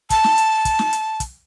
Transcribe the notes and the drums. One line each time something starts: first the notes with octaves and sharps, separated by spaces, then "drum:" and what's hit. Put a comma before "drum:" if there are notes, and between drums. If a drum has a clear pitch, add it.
A5, drum: kick, hi-hat
drum: snare
drum: hi-hat
drum: kick, hi-hat
drum: snare
drum: hi-hat
drum: kick, hi-hat